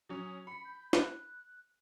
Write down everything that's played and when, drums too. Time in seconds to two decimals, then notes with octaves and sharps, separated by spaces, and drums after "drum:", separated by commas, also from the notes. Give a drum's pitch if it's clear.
0.09 F#3 C#4 D#6
0.47 B5 C#7
0.65 G6
0.93 F#6, drum: snare